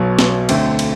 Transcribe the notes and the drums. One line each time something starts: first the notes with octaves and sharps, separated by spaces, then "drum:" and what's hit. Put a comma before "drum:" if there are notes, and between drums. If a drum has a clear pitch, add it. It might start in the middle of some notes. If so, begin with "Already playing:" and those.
Already playing: B1 B2 F#3
drum: snare
D2 D3 A3 C4, drum: cymbal
drum: cymbal